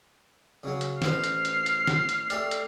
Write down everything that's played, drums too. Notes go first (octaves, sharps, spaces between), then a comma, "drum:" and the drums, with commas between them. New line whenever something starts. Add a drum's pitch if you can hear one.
C#3 F#3
drum: hi-hat
A1 B4 C5 F6 C7, drum: snare
drum: hi-hat
drum: hi-hat
drum: hi-hat
drum: snare
drum: hi-hat
A3 G4 D5, drum: hi-hat
drum: hi-hat